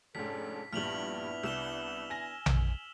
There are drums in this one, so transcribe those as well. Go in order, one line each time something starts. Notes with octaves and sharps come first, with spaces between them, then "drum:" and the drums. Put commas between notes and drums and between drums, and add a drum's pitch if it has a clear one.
F1 G#2 C#4 D4 A4 B6
A#1 G2 B3 D4 E4 F6 F7 F#7
C2 E6 E7 G7
G#5 A#6
drum: tom A#1